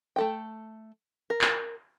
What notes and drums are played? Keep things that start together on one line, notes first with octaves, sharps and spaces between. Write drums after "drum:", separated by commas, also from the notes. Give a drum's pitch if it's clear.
A3 A4 G5
A#4
drum: clap